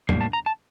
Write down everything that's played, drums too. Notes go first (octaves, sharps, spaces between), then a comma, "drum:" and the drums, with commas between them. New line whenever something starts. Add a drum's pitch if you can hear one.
A2 G3 A#3, drum: tom
A5
A#5
A5